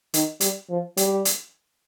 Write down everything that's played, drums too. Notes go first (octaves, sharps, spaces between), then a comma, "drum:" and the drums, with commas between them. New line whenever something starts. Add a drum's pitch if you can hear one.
D#3, drum: hi-hat
G3, drum: hi-hat
F3
G3, drum: hi-hat
drum: hi-hat